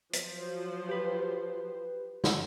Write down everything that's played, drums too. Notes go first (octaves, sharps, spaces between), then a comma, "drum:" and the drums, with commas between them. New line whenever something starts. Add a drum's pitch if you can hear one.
F3 F#3 C5, drum: hi-hat
G4 B4
drum: snare